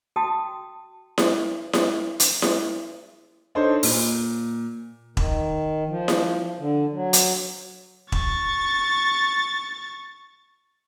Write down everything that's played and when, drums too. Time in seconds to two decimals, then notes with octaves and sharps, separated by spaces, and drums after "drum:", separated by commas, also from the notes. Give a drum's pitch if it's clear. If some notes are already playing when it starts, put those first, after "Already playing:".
0.16 F#4 G5 A5 D#6
1.18 drum: snare E4
1.73 drum: snare E4
2.20 drum: hi-hat
2.42 drum: snare E4
3.55 D4 D#4 A4 C5 C#5
3.83 A#2, drum: open hi-hat
5.17 D#3, drum: kick E1
5.89 F3
6.08 drum: snare E4
6.59 D3
6.93 F#3
7.13 drum: hi-hat
8.12 C#6 A6, drum: kick E1